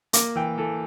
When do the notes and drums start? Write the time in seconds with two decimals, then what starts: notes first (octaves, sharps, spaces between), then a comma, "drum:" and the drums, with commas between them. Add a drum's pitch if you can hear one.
0.13 A#3 D6, drum: hi-hat
0.36 E3 G5
0.58 E3 A4